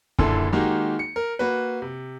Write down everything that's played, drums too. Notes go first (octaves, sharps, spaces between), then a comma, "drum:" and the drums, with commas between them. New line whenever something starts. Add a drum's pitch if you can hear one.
F#1 A#2 D3 E4 A4 C6, drum: kick
D#3 G#3 A#3 D#4 F#4 G4
C#7
A#4
A#3 F#4 B4
C3